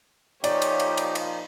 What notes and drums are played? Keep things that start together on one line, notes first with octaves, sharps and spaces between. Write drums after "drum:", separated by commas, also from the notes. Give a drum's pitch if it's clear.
A#2 F3 D#4 G4 C#5 D5, drum: cymbal
drum: cymbal
drum: cymbal
drum: cymbal
drum: cymbal